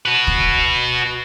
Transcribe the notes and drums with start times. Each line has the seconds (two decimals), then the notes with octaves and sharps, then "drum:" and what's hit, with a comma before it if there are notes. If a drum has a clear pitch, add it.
0.05 F#4 B4
0.27 drum: kick